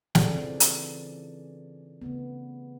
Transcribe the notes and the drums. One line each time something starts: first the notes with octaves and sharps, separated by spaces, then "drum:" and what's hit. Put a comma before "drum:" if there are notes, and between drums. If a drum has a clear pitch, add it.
C#3 F4 G#4 A4 D5, drum: snare
E3 C4 D4
drum: hi-hat
C#3 A3 B3